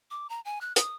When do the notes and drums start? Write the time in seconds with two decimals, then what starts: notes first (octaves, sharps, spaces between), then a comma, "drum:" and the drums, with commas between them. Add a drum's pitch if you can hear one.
0.11 D6
0.30 A#5
0.45 G#5
0.61 F#6
0.76 D#6, drum: hi-hat